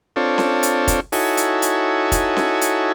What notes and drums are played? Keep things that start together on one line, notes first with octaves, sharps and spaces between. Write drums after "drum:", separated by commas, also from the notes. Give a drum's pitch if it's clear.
C4 D4 F4 A4 C#5
drum: snare C#4
drum: hi-hat
drum: kick, hi-hat
D#4 E4 F#4 A4 C#5 G#5, drum: open hi-hat
drum: hi-hat
drum: hi-hat
drum: kick, hi-hat
drum: snare C#4
drum: hi-hat